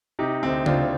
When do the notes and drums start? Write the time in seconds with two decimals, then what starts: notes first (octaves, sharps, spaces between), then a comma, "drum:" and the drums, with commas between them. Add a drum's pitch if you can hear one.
0.19 C3 D#4 G4
0.43 D2 C4 D#4
0.66 D2 D4 F4, drum: tom C#3